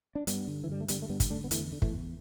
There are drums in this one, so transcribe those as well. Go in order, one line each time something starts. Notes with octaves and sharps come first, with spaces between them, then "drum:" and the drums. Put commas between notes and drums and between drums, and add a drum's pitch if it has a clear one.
D4
G2 G3 B3, drum: hi-hat
D3
E3
G2 G3
A3
D3 G3 B3, drum: hi-hat
A3
G2 G3 B3
drum: kick G1, hi-hat
D3 A3 D4
B3
E2 E3 A3, drum: hi-hat
D3
E3 A3, drum: kick G1
E2